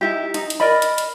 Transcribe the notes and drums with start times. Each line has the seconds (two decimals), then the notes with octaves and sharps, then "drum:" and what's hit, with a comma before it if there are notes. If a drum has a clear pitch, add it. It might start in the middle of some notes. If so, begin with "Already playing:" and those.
0.01 D#4 E4 G4
0.34 D#4, drum: hi-hat
0.50 drum: hi-hat
0.60 A#4 D5 D#5 B5
0.82 drum: hi-hat
0.98 drum: hi-hat